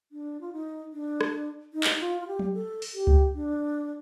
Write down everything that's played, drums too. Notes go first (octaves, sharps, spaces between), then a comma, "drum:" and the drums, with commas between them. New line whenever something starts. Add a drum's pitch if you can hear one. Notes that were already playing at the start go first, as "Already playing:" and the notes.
D4
F4
D#4
D4
drum: rim click
D#4
drum: clap
F4
F4
G4
drum: tom F#3
A4
drum: open hi-hat
G4
drum: kick C#2
D4